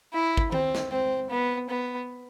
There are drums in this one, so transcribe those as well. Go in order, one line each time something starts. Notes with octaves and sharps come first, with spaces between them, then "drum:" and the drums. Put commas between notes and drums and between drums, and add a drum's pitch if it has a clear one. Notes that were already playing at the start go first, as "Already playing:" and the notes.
E4
drum: kick G#1
C4, drum: tom D#3
drum: snare
C4
B3
B3